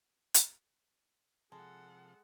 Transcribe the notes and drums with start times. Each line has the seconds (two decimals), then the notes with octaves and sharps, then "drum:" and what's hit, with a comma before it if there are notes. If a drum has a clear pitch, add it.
0.34 drum: hi-hat
1.52 C3 F3 G#3 A4 F#5 A5